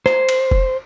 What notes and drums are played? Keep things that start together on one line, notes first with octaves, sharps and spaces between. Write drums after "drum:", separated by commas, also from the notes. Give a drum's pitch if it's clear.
C5, drum: rim click
drum: cymbal
drum: kick F1